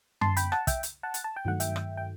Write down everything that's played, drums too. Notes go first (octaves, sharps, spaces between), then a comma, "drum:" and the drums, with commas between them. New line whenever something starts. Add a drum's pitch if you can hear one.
A5 C6, drum: tom F#2
G5 B5, drum: hi-hat
F#5 A5, drum: rim click
E5 G5, drum: kick, hi-hat
drum: hi-hat
F#5 A5
drum: hi-hat
A5
G5
G2 D#3 F#3 A3 F#5
E5 G5, drum: hi-hat
drum: rim click
G5